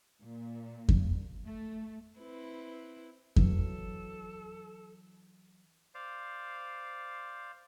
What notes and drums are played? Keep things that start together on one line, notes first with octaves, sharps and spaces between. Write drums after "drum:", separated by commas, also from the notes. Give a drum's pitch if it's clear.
A#2
drum: kick F2
A3
C4 E4 B4
E3 F#3 A4, drum: kick F2
C5 D5 F5